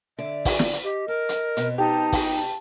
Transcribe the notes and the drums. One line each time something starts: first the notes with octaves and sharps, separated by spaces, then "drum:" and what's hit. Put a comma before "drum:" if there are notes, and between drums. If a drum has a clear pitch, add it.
D3 D5 E5
drum: kick, open hi-hat
drum: snare
drum: hi-hat
G4 D#5
A4 A#4
drum: hi-hat
B2 B3 C4, drum: hi-hat
D#4 G4 A5
drum: kick, open hi-hat
A5